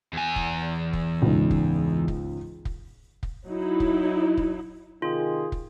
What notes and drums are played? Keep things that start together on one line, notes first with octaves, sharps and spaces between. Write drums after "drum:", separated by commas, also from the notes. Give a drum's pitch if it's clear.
E2 G#5
drum: kick
drum: kick
C#2 G#2
drum: kick
drum: kick
drum: kick
drum: kick
F#3 D#4 E4
drum: kick
drum: kick
C3 D#3 F4 G#4
drum: kick